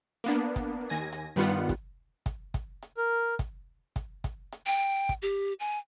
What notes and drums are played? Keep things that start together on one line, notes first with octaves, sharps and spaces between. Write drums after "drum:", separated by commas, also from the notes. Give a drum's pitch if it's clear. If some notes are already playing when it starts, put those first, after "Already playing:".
A#3 B3 D4
drum: kick, hi-hat
D#2 G#5 A#6
drum: hi-hat
G2 D#3 G3 B3 F4 F#5
drum: kick, hi-hat
drum: kick, hi-hat
drum: kick, hi-hat
drum: hi-hat
A#4
drum: kick, hi-hat
drum: kick, hi-hat
drum: kick, hi-hat
drum: hi-hat
G5
drum: kick, hi-hat
G4
G#5